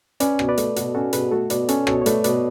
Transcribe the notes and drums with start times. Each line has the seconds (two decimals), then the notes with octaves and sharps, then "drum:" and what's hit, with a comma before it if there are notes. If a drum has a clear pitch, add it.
0.20 C#4 B4 D5, drum: hi-hat
0.39 B2, drum: rim click
0.49 B4 D5
0.57 A3, drum: hi-hat
0.76 B2 F#4 A4, drum: hi-hat
0.94 C#4 F#4 A4
1.13 B2 G#4 B4, drum: hi-hat
1.31 A3 F#4 A4
1.50 B2 B4 D5, drum: hi-hat
1.69 C#4 A4 C#5, drum: hi-hat
1.87 B2 A4 C#5, drum: rim click
2.02 C#5
2.06 A3 B4 D5, drum: hi-hat
2.24 B2 B4 D5, drum: hi-hat